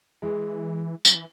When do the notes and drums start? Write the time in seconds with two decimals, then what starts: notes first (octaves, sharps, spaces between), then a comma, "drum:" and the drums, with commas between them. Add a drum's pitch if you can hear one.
0.22 E3 G#3
1.05 F#3, drum: tambourine
1.15 E3